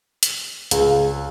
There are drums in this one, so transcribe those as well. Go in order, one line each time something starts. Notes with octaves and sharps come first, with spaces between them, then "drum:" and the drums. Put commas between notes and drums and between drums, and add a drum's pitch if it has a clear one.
drum: hi-hat
C#2, drum: hi-hat